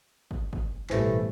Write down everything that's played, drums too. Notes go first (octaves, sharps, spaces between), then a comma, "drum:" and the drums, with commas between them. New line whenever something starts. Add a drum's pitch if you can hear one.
drum: kick
drum: kick
A1 G2 B2 E3 A3 G4 C5, drum: clap